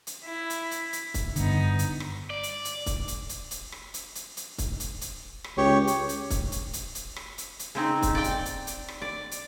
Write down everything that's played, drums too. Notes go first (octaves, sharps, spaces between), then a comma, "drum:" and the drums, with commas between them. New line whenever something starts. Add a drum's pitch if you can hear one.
drum: hi-hat
E4
drum: hi-hat
drum: hi-hat
drum: hi-hat
drum: kick, hi-hat
G2 D3 B3 D#4, drum: hi-hat
drum: hi-hat
drum: rim click
D5
drum: hi-hat
drum: hi-hat
drum: kick, hi-hat
drum: hi-hat
drum: hi-hat
drum: hi-hat
drum: rim click
drum: hi-hat
drum: hi-hat
drum: hi-hat
drum: kick, hi-hat
drum: hi-hat
drum: hi-hat
drum: rim click
C#2 G4 C#5
drum: hi-hat
drum: hi-hat
drum: kick, hi-hat
drum: hi-hat
drum: hi-hat
drum: hi-hat
drum: rim click
drum: hi-hat
drum: hi-hat
C#3 C4 D#4
drum: kick, hi-hat
D5 G5
drum: hi-hat
drum: hi-hat
drum: hi-hat
drum: rim click
D5
drum: hi-hat